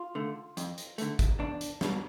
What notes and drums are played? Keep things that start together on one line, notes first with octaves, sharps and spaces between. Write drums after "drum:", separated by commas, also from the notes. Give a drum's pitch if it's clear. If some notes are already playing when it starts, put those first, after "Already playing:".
Already playing: F4
D3 A3
F2, drum: hi-hat
drum: hi-hat
D3 A3, drum: hi-hat
drum: kick, hi-hat
E2 D4
drum: hi-hat
B2 G3, drum: snare